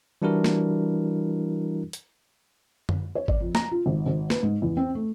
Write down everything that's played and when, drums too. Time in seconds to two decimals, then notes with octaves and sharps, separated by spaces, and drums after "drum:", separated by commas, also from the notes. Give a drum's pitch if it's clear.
0.22 E3 G3 D4 E4 F#4 A#4
0.44 drum: snare
1.93 drum: hi-hat
2.89 drum: tom F#2
3.15 C#5
3.28 D5, drum: kick G#1
3.41 F2
3.55 A#5, drum: snare
3.71 F4
3.86 G#1
4.06 G#1
4.30 B4, drum: snare
4.43 G#2
4.62 E2
4.77 C4
4.95 A3